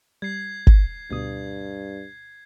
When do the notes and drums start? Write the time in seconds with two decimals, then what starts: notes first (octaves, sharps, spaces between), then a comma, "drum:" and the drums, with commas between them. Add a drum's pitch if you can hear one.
0.22 G3 G#6 C7
0.67 drum: kick G1
1.11 D2 G2 B2 D#6 G#6